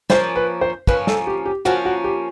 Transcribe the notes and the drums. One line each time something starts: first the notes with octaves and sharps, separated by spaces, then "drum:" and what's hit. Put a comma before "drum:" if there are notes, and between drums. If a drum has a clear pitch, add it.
F3 A#3 C#4 C5, drum: snare
B4
C5
F3 A#3 C#4 B4, drum: kick
A4, drum: snare
G4
G4
F3 A#3 C#4 F#4
F#4
G4